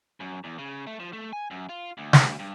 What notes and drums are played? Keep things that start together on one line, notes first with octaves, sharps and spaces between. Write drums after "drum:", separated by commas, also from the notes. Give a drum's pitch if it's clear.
F#2
E2
C#3
A3
F3
A3
G#5
F#2
F4
D2
drum: snare
G2